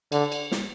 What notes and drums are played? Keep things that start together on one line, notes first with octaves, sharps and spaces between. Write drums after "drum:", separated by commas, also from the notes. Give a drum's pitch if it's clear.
D3, drum: cymbal
drum: cymbal
drum: snare